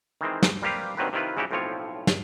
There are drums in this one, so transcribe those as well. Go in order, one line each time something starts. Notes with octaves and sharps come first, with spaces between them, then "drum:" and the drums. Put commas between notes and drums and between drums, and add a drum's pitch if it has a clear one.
D#3 E3 G#3 C4
drum: snare
G3 A#3 C4 G4 B4 F5
G2 C3 D#3 F#3 C4 B4
C3 D#3 E4 F4 B4
G#2 C#3 E4 F#4 G4
B1 A2 F3 C4 F4 C#5
drum: snare